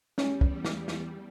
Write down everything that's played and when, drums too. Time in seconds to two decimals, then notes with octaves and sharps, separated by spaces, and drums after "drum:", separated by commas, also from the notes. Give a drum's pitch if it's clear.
0.18 E2 G3 C#4, drum: snare
0.41 drum: kick
0.65 drum: snare
0.88 drum: snare